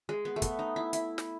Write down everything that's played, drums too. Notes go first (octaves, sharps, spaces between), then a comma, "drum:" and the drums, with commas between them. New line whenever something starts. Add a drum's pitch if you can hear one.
G#3
B3
A3
B3, drum: kick, hi-hat
D#4
E4
E4, drum: hi-hat
drum: snare